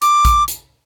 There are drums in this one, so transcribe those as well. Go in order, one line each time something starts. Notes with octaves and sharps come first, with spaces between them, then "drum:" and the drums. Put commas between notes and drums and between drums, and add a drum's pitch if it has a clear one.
D6, drum: hi-hat
drum: kick A#1, hi-hat
drum: hi-hat